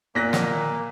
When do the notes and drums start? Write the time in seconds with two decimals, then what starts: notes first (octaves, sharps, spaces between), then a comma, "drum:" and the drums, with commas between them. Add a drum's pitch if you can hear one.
0.15 A#2 A#3 F#6 A#6 B6
0.33 drum: snare